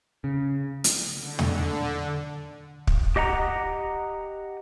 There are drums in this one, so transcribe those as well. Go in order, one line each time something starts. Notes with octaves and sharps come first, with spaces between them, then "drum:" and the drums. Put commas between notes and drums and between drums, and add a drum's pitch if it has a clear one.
C#3
drum: hi-hat
D3
drum: tom
drum: kick
G4 D#5 F#5 A#5